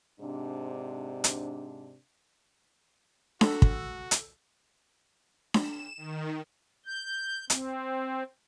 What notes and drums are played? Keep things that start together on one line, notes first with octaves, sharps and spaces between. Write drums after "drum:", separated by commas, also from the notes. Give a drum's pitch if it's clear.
G#2 C3 D4
drum: hi-hat
F#4 A4 E6, drum: snare D4
drum: kick
drum: hi-hat
E7, drum: snare D4
D#3
G6
C4, drum: hi-hat